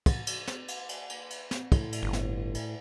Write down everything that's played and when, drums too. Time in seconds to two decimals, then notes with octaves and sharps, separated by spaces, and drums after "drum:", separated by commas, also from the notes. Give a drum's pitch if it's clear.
0.06 drum: kick, cymbal
0.27 drum: cymbal
0.48 drum: snare
0.68 drum: cymbal
0.89 drum: cymbal
1.10 drum: cymbal
1.30 drum: cymbal
1.51 drum: snare
1.72 A2, drum: kick, cymbal
1.92 drum: cymbal
2.03 G1
2.13 drum: snare
2.55 drum: cymbal